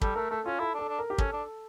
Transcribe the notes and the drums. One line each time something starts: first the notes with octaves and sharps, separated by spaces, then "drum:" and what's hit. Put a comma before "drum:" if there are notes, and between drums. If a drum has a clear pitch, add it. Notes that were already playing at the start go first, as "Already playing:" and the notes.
G3 A4, drum: kick
A3 A#4
A3 A4
C#4 F4
E4 A4
D4 A4
D4
A#4
G4
C#4 A4, drum: kick
D4